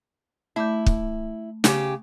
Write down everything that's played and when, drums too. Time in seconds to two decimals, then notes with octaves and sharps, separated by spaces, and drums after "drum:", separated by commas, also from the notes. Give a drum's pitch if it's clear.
0.56 A3 E4 D6 G6
0.86 drum: kick
1.64 C#3 G4, drum: snare